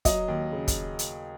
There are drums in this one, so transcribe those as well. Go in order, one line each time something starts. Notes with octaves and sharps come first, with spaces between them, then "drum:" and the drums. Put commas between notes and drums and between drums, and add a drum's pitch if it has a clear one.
F#3 D#5, drum: kick, hi-hat
D#2
C#3
drum: kick, hi-hat
drum: hi-hat